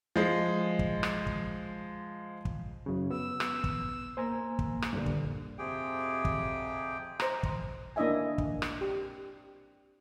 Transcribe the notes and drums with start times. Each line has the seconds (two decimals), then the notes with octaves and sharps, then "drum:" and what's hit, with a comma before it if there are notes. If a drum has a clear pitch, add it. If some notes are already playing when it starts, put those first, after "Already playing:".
0.16 F3 G#3
0.79 drum: kick
1.03 drum: rim click
1.27 drum: kick
2.45 drum: kick
2.86 F#2 C#3 F#3
3.10 B3 E6
3.40 drum: rim click
3.64 drum: kick
4.17 A#3 C5 G#5 A#5
4.59 drum: kick
4.82 drum: rim click
4.93 G2 A#2 D3
5.06 drum: kick
5.58 F2 C3 G4 G#4 G5
6.25 drum: kick
7.20 C5 A#5, drum: rim click
7.43 drum: kick
7.96 A#3 D4 E4 D#5 E5 G#5
8.38 drum: kick
8.62 drum: rim click
8.81 G4